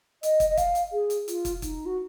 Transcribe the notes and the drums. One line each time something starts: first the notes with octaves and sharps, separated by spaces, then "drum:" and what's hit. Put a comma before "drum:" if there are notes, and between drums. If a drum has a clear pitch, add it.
D#5, drum: hi-hat
drum: kick, hi-hat
D#5
F5, drum: kick, hi-hat
drum: hi-hat
G#4
drum: hi-hat
F4, drum: hi-hat
drum: kick, hi-hat
D#4, drum: kick, hi-hat
F#4